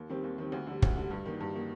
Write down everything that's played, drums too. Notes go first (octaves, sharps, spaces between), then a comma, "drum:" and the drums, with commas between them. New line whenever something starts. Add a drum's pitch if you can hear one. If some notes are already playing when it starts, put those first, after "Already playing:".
Already playing: D#2
D#3 G3 C4
D#2
D#3 G3 C4
D2
D3 G3
D2, drum: kick
D3 G3
G2
D#3 A#3
G2
D#3 A#3